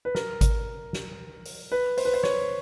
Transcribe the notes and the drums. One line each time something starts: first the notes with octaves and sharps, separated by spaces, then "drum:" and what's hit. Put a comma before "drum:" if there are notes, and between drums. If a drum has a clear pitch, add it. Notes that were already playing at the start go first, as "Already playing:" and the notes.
B4
A#4, drum: snare
drum: kick G#1, hi-hat
drum: snare
drum: open hi-hat
B4
C5, drum: open hi-hat
B4
C5
C#5, drum: snare